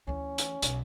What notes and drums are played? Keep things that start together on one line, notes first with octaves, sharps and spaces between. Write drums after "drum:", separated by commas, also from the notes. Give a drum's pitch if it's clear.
D2 E3 C#4
drum: hi-hat
B1, drum: hi-hat